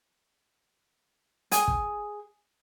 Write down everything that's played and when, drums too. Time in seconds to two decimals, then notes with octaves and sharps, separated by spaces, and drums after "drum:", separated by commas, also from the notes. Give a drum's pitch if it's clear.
1.52 G#4 G#5, drum: hi-hat
1.68 drum: kick